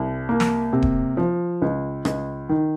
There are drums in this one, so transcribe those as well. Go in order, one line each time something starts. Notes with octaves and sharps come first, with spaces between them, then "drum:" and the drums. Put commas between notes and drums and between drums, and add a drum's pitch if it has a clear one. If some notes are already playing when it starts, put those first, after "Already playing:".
Already playing: C2
A#3
drum: snare
C3
drum: kick D#1
F3
C#2
C#2, drum: rim click
D#3